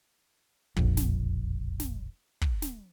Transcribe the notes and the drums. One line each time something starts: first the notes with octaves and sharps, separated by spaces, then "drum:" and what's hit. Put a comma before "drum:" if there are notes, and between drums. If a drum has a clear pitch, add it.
E1 A#1 F2, drum: kick
drum: snare
drum: snare
drum: kick
drum: snare